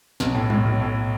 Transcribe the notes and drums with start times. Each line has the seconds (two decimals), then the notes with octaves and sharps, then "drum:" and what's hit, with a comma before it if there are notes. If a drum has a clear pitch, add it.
0.20 B1, drum: snare
0.34 A2
0.50 A2, drum: tom
0.65 B1
0.80 A2